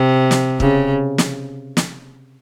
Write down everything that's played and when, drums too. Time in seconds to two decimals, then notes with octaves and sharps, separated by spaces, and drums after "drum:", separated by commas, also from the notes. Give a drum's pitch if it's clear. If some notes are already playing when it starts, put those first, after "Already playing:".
Already playing: C3
0.31 drum: snare
0.60 C#3, drum: kick
1.18 drum: snare
1.77 drum: snare